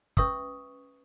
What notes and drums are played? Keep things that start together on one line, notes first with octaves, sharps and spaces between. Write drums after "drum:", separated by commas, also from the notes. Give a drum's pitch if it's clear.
C#4 B4 E5 C#6 D#6 E6, drum: kick